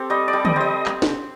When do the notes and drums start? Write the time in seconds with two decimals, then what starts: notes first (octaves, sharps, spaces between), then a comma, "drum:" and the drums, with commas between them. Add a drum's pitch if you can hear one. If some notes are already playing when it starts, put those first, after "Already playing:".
Already playing: C4 G4 A4
0.10 G3 D#5
0.28 D5
0.33 G3
0.45 D#5, drum: tom D3
0.56 C4 D#5
0.86 drum: clap
1.02 drum: snare